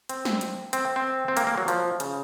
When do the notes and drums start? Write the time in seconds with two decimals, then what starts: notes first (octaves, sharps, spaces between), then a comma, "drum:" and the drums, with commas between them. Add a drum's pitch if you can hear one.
0.09 C4, drum: hi-hat
0.25 drum: snare
0.41 drum: hi-hat
0.73 C4, drum: hi-hat
0.96 C4
1.28 C4
1.37 A#3, drum: hi-hat
1.47 A#3
1.58 F#3
1.68 F3, drum: hi-hat
2.00 C#3, drum: hi-hat